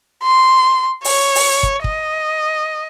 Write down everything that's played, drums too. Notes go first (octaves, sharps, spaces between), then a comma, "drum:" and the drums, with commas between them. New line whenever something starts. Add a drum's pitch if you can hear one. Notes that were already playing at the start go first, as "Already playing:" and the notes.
C6
C#5, drum: open hi-hat
drum: open hi-hat
drum: kick
D#5, drum: kick